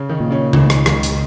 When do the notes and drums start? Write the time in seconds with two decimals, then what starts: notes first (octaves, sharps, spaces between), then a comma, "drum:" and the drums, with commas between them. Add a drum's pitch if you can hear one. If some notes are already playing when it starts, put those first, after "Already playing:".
Already playing: C#3 C#4
0.09 D#3 D#4
0.20 A#2
0.31 C#3 C#4
0.53 C#2 D#3 D#4, drum: tom C#3
0.70 drum: rim click
0.86 C#2 D#3 D#4, drum: rim click
1.03 drum: hi-hat